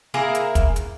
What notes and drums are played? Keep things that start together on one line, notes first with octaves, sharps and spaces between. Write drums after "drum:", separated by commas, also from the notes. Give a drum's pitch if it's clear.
A#3 E4 G#4 A#4
drum: hi-hat
drum: kick, hi-hat
drum: hi-hat